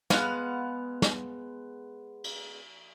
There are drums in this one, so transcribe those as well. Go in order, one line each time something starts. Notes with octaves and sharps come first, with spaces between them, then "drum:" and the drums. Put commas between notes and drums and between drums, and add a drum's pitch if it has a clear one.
G#3 B3 F5 F#5, drum: snare
drum: snare
drum: cymbal